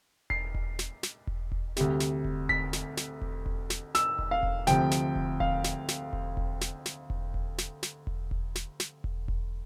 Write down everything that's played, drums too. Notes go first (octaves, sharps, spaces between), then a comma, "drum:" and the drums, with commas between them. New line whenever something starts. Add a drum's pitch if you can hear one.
C7, drum: kick E1
drum: kick E1
drum: snare
drum: snare
drum: kick E1
drum: kick E1
D2 C3 G3, drum: snare
drum: snare
drum: kick E1
B6, drum: kick E1
drum: snare
drum: snare
drum: kick E1
drum: kick E1
drum: snare
E6, drum: snare
drum: kick E1
F5
drum: kick E1
D2 C3 F3 G5, drum: snare
drum: snare
drum: kick E1
F5, drum: kick E1
drum: snare
drum: snare
drum: kick E1
drum: kick E1
drum: snare
drum: snare
drum: kick E1
drum: kick E1
drum: snare
drum: snare
drum: kick E1
drum: kick E1
drum: snare
drum: snare
drum: kick E1
drum: kick E1